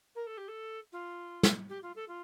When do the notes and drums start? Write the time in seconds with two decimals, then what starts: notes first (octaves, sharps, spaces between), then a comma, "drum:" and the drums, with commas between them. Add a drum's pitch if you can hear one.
0.15 A#4
0.27 A4
0.37 G4
0.48 A4
0.92 F4
1.43 drum: snare
1.69 G4
1.83 F4
1.96 A4
2.08 F4